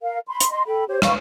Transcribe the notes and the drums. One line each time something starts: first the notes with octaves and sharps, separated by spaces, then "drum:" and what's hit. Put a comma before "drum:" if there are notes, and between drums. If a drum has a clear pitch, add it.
A#4 F5
B5 C6
drum: hi-hat
D#5 C6
A4 G5 B5
G4 C5 C#5
B4 F5 C#6, drum: rim click